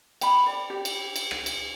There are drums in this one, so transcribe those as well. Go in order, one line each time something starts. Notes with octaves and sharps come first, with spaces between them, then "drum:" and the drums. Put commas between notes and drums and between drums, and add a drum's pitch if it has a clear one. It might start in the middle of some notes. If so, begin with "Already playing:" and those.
G5 B5, drum: cymbal
D5
G4
drum: cymbal
drum: cymbal
drum: rim click
drum: cymbal